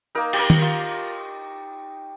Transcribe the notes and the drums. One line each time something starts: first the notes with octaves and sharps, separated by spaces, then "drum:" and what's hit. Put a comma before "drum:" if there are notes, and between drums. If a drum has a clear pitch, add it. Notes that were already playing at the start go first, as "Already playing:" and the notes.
A#3 D#4 A#4
G4, drum: cymbal
A#4
drum: tom D#3
F4